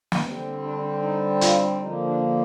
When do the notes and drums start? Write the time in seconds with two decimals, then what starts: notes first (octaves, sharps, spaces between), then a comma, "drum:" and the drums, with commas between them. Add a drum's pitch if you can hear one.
0.12 drum: snare
0.24 D3 G3 C4
0.62 D4
1.02 D#4
1.41 F4, drum: hi-hat
1.81 D3 F3 A#3 D#4
2.08 D4